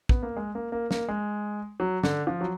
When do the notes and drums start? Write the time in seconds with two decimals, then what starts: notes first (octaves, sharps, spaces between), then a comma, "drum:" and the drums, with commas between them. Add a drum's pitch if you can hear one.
0.09 B3, drum: kick
0.23 A#3
0.37 G#3
0.55 A#3
0.72 A#3
0.91 A#3, drum: snare
1.08 G#3
1.80 F#3
2.03 D3, drum: snare
2.27 F3
2.41 F#3